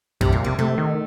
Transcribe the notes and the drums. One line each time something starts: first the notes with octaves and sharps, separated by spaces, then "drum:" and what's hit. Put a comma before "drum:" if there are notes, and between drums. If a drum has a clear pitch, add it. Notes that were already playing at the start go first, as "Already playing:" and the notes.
C3 G3, drum: tom F2
A#2 F3
C3 G3
C3 A3
D#3